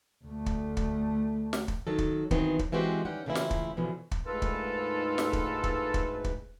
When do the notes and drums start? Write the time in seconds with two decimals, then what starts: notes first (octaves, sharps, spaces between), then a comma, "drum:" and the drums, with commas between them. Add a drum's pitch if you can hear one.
0.24 D2 A3
0.46 drum: kick
0.77 drum: kick
1.53 drum: snare
1.68 drum: kick
1.87 D#3 F#3 A4
1.98 drum: kick
2.31 D#3 E3 F#3 B3 C4, drum: kick
2.59 drum: kick
2.72 E3 G#3 C4 F#4 G4
3.05 D#3 G3 C#4 F#5 G5
3.26 A2 C#3 E3 A#3 E4 F4
3.35 drum: snare
3.51 drum: kick
3.77 B2 D3 E3 F3
4.11 drum: kick
4.26 D2 G#2 D#3 F4 A4 B4
4.42 drum: kick
5.18 drum: snare
5.33 drum: kick
5.64 drum: kick
5.94 drum: kick
6.24 drum: kick